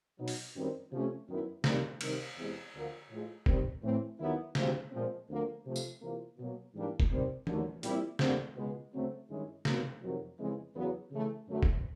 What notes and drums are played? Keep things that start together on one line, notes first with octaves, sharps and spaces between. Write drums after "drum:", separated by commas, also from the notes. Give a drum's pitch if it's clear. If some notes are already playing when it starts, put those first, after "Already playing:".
B2 F#3 B3 D#4
drum: open hi-hat
F#2 D#3 G3 C4
C3 F3 A3 C#4
F#2 D#3 F#3 B3 E4
C2 C3 D#3 G3, drum: snare
C2 C3 D#3, drum: cymbal
E2 C3 E3 G#3
D2 D3 F3 A#3
A2 F3 G#3
C3 D#3 G3 C4, drum: kick
A2 E3 A3 C4
D#2 D#3 F#3 B3 E4
D2 C3 F3 G#3, drum: snare
A#2 F3 G#3 C4
D2 D3 F3 A#3
C3 F3 A3
drum: tambourine
E2 C3 F3 A#3
B2 F#3 A#3
G#2 E3 G3 A#3 D4
drum: kick
C3 D#3 G3 C4
D#2 D3 F#3 A3, drum: tom E3
A#2 G3 C4 E4, drum: hi-hat
D#2 D3 G3 C4, drum: snare
C#2 B2 G#3 B3
D2 C#3 F#3 A3 C4
G2 D#3 G#3 C#4 E4
C3 D#3 F#3 B3, drum: snare
F2 C3 D#3 F#3
F2 C#3 E3 G#3
E2 C#3 F#3 B3
C#3 E3 A3
F#2 D3 F#3 A3
drum: kick